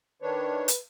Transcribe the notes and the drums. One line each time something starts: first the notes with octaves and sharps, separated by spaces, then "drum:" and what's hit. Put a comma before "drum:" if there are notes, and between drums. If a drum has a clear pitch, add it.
D#3 D4 B4 C#5
drum: hi-hat